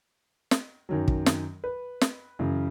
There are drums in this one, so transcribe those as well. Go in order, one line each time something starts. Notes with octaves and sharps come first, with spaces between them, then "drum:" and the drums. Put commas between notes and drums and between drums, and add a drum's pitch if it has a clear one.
drum: snare
F#2 D#3 F#3
drum: kick
drum: snare
B4
drum: snare
F#2 C#3 E3